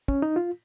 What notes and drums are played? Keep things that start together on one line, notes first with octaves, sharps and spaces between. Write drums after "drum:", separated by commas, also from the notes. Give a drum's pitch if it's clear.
C#4, drum: kick
D#4
F4